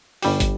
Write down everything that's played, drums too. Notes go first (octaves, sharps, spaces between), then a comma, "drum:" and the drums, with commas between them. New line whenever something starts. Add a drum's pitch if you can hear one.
G1 G2 G3 C#4 G4, drum: open hi-hat
drum: kick, hi-hat